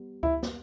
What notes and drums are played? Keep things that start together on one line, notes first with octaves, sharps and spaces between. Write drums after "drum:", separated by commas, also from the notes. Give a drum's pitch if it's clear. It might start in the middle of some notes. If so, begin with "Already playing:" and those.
Already playing: G3 B3
E4, drum: kick C#2
drum: snare